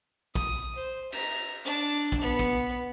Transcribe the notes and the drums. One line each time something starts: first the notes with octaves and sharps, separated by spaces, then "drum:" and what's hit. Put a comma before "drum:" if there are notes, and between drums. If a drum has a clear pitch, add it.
D#6, drum: kick
C5
A#5, drum: cymbal
D4
drum: kick
B3
drum: kick